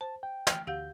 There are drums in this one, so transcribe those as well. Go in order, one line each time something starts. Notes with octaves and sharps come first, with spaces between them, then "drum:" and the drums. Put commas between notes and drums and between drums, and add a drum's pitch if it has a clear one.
C5 A5
G5
G5 F6, drum: snare
D2 G4 F5 F#5 G6